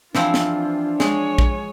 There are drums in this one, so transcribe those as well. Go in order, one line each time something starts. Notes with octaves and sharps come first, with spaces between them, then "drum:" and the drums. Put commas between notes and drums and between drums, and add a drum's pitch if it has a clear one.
E3 F3 C4 D4 F4, drum: snare
drum: snare
G#3 C#5 G#5, drum: snare
drum: kick